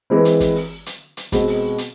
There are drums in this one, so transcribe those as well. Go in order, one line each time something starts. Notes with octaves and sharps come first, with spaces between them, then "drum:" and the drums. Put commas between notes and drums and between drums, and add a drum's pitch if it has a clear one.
E3 G#3 C4
drum: hi-hat
drum: kick, hi-hat
drum: open hi-hat
drum: hi-hat
drum: hi-hat
B2 G#3 C4, drum: kick, hi-hat
drum: open hi-hat
drum: hi-hat